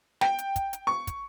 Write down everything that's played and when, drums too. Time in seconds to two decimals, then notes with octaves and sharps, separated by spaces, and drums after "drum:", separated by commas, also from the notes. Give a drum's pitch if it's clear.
0.21 G5, drum: snare
0.38 drum: hi-hat
0.56 drum: kick, hi-hat
0.73 drum: hi-hat
0.87 C#6
1.07 drum: kick, hi-hat